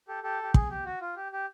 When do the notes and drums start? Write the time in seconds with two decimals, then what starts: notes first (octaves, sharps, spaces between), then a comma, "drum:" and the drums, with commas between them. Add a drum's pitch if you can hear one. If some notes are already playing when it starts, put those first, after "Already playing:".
0.08 G4 A4
0.23 G4 A4
0.43 G4
0.54 G#4, drum: kick
0.70 G4
0.85 F#4
1.01 F4
1.16 G4
1.32 G4